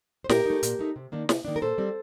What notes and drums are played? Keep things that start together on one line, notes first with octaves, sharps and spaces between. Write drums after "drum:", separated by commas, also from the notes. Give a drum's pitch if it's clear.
C5
A#2 G4 A#4, drum: snare
A3 D#4
A#2, drum: hi-hat
A3 D#4
C3
D#3 A#3 D4
C3, drum: snare
D#3 A#3 D4
A#4
A#2 A4 C5
G3 C4